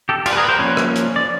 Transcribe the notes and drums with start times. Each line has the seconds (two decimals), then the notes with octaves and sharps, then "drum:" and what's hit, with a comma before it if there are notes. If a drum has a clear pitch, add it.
0.09 G4 A4
0.26 F4 G4, drum: cymbal
0.33 B4
0.37 G#4 A#4
0.44 B4
0.49 A#4 C5
0.59 F3 A#3 C#4 B4 C#5
0.77 drum: rim click
0.96 drum: hi-hat
1.16 D5